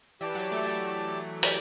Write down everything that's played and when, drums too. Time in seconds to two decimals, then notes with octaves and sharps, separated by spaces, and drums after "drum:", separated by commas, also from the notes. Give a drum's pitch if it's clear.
0.21 E3 G4 D5 A5
0.35 F#3
0.52 A3
0.66 A3
1.43 G4 D5 G5, drum: open hi-hat